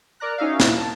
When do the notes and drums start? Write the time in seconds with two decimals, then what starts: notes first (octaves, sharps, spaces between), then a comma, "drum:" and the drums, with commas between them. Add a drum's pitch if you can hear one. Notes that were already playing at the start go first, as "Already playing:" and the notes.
0.20 A#4 D5 A#5 F#6
0.38 C#4 D#4 F#4 E5 F5
0.60 A#2 A#3 E4, drum: snare
0.74 A5